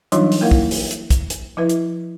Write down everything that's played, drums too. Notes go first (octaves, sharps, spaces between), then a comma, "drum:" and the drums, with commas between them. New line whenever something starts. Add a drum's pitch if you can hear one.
E3 F#3 G3 D4 D#4 F4, drum: hi-hat
drum: open hi-hat
A#3 E4 A#4 F5 F#5
drum: kick
drum: open hi-hat
drum: hi-hat
drum: kick, hi-hat
drum: hi-hat
F3 E4 B4 E5
drum: hi-hat